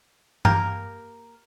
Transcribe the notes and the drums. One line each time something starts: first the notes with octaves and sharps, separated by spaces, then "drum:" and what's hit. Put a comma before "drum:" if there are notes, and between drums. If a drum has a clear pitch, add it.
A#3 G4 A#4, drum: tom G2